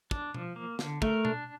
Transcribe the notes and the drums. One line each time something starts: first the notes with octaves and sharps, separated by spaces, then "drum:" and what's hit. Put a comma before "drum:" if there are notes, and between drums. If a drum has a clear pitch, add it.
D4, drum: kick
F3, drum: tom B2
A#3
D3, drum: snare
A3 A#4, drum: kick
D4, drum: tom B2